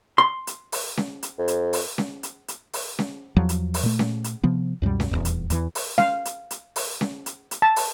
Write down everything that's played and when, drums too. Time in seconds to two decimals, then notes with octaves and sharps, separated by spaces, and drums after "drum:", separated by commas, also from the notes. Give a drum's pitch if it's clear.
0.18 C6
0.47 drum: hi-hat
0.72 drum: open hi-hat
0.97 drum: snare C#4
1.23 drum: hi-hat
1.39 F2
1.48 drum: hi-hat
1.73 drum: open hi-hat
1.98 drum: snare C#4
2.23 drum: hi-hat
2.48 drum: hi-hat
2.73 drum: open hi-hat
2.99 drum: snare C#4
3.37 E2 F3 F#3
3.49 drum: hi-hat
3.74 drum: open hi-hat
3.83 A#2 A3
3.99 drum: snare C#4
4.24 drum: hi-hat
4.44 C3 F3 B3
4.82 C#2 F#2 B2 G3
5.00 drum: snare C#4
5.11 D#1 B1 E2
5.25 drum: hi-hat
5.50 E2 E3, drum: hi-hat
5.75 drum: open hi-hat
5.98 F5, drum: snare C#4
6.25 drum: hi-hat
6.51 drum: hi-hat
6.76 drum: open hi-hat
7.01 drum: snare C#4
7.26 drum: hi-hat
7.51 drum: hi-hat
7.62 A5
7.76 drum: open hi-hat